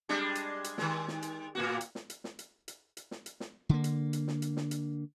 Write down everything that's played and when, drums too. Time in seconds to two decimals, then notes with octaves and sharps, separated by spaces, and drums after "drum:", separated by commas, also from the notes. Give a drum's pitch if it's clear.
0.09 G3 G#3 D4
0.35 drum: hi-hat
0.64 drum: hi-hat
0.78 D#3 G#3, drum: snare
1.08 drum: snare
1.22 drum: hi-hat
1.55 A2 A#3 F#4
1.81 drum: hi-hat
1.95 drum: snare
2.10 drum: hi-hat
2.24 drum: snare
2.39 drum: hi-hat
2.68 drum: hi-hat
2.97 drum: hi-hat
3.11 drum: snare
3.26 drum: hi-hat
3.40 drum: snare
3.69 D3 A#3
3.84 drum: hi-hat
4.13 drum: hi-hat
4.27 drum: snare
4.42 drum: hi-hat
4.57 drum: snare
4.71 drum: hi-hat